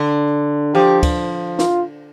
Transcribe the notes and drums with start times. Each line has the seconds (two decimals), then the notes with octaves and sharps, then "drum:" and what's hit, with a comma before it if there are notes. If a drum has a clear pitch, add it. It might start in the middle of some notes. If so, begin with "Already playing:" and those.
Already playing: D3
0.75 F3 G4
1.03 drum: kick D2, cymbal
1.59 F4, drum: snare